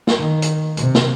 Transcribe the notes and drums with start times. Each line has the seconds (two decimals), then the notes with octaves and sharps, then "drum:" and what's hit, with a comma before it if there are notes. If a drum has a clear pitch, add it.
0.07 drum: snare
0.18 D#3
0.42 drum: hi-hat
0.77 C3, drum: hi-hat
0.95 drum: snare